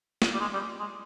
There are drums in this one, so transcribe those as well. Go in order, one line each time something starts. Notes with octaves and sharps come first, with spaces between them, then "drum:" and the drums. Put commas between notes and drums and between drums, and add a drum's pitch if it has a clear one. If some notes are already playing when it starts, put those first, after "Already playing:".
drum: snare
G3
G#3
G3
G#3